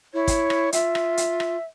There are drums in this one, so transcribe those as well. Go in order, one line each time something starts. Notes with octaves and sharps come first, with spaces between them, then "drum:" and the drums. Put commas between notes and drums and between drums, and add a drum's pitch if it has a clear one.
E4 C#5
drum: kick, hi-hat
drum: rim click
F4 E5, drum: hi-hat
drum: rim click
drum: hi-hat
drum: rim click